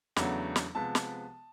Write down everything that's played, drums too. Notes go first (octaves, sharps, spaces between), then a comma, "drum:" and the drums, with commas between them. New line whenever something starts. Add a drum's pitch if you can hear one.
E2 C#3 F#3 A3 D4, drum: snare
drum: snare
C3 F3 G#3 B3 A5
drum: snare